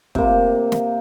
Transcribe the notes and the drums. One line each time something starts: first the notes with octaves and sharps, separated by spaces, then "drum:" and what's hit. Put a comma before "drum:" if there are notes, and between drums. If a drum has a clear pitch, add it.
C3 A#3, drum: kick
drum: snare